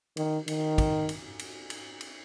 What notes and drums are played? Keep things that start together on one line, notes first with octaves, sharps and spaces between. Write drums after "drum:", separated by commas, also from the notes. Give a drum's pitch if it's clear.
D#3, drum: cymbal
D#3, drum: cymbal
drum: kick, cymbal
drum: cymbal
drum: cymbal
drum: cymbal
drum: cymbal